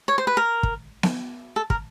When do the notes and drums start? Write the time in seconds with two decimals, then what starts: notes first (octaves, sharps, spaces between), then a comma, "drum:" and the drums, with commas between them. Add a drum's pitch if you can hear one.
0.08 C#5
0.18 C5
0.27 B4
0.37 A#4
0.63 drum: kick
1.03 drum: snare B3
1.56 A4
1.70 A#4, drum: kick